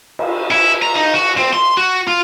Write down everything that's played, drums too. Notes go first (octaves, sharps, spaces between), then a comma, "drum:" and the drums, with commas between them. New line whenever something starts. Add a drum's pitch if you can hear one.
drum: cymbal
E4
A#5
D#4
F#4
C4
C6
F#4
F4